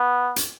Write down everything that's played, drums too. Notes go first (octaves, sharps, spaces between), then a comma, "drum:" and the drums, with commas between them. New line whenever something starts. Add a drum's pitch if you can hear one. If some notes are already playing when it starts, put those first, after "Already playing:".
Already playing: B3
drum: hi-hat